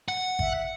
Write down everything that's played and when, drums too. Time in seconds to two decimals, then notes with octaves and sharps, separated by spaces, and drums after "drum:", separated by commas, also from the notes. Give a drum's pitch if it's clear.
0.08 F#5
0.39 E5, drum: kick